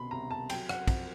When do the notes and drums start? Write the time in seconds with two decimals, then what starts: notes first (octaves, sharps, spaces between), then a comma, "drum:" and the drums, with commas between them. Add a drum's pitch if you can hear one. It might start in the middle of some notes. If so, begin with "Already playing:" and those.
Already playing: C2 B2 C4 B5 C6
0.11 C2 A#5
0.31 A5
0.50 F#3 G5, drum: cymbal
0.69 F#5, drum: rim click
0.88 F2, drum: kick, cymbal